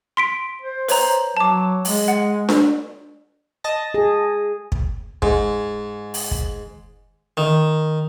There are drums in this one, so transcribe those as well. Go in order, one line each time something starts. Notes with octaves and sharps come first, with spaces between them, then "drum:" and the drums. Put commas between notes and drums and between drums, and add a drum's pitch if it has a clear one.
C6 B6 D7
C5
B4 C#5 A#5, drum: open hi-hat
F#3 A5 D6
G#3, drum: open hi-hat
F#5
drum: snare D4
D#5 A5 A#6
G#4
drum: kick
G#2, drum: kick
drum: open hi-hat
drum: kick
D#3